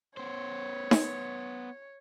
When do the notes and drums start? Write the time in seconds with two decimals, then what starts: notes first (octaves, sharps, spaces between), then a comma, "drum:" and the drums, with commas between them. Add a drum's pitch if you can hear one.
0.17 B3 C5 C#5
0.91 drum: snare D#4